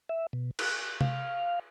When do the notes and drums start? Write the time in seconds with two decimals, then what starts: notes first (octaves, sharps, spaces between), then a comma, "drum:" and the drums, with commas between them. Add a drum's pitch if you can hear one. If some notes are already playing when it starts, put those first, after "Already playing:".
0.09 E5
0.33 B2
0.59 F#6, drum: cymbal
1.01 F5, drum: tom C3